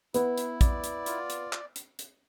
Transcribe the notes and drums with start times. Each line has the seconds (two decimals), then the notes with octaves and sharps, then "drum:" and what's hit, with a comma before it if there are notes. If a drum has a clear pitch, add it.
0.14 B3 E4, drum: hi-hat
0.38 drum: hi-hat
0.61 D5, drum: kick, hi-hat
0.84 drum: hi-hat
1.06 F4, drum: hi-hat
1.30 drum: hi-hat
1.53 drum: clap
1.76 drum: hi-hat
1.99 drum: hi-hat